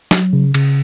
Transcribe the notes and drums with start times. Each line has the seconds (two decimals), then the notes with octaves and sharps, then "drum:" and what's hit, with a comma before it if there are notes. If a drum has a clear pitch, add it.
0.11 F#3, drum: snare
0.33 C#3
0.54 C#3, drum: cymbal